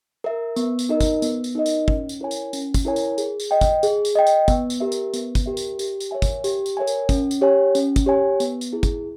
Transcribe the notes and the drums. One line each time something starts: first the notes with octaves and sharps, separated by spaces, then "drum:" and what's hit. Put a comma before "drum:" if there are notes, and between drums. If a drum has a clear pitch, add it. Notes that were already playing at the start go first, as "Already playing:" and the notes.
A#4 E5
B3, drum: tambourine
drum: tambourine
D#4 A#4 D#5
drum: kick, tambourine
B3, drum: tambourine
drum: tambourine
D#4 A#4 D#5
drum: tambourine
C#4, drum: kick
drum: tambourine
E4 A#4 C#5 G#5
drum: tambourine
C#4, drum: tambourine
drum: kick, tambourine
E4 A#4 C#5 G#5
drum: tambourine
G#4, drum: tambourine
drum: tambourine
D#5 G5
drum: kick, tambourine
G#4, drum: tambourine
drum: tambourine
D#5 G5
drum: tambourine
B3, drum: kick, tambourine
drum: tambourine
G4 A#4 E5
drum: tambourine
B3, drum: tambourine
drum: kick, tambourine
G4 A#4 E5
drum: tambourine
G4, drum: tambourine
drum: tambourine
A#4 C#5 E5 G#5
drum: kick, tambourine
G4, drum: tambourine
drum: tambourine
A#4 C#5 E5 G#5
drum: tambourine
C#4, drum: kick, tambourine
drum: tambourine
G4 C#5 G#5
C#4, drum: tambourine
drum: kick, tambourine
G4 C#5 G#5
B3, drum: tambourine
drum: tambourine
E4 G#4
drum: kick, tambourine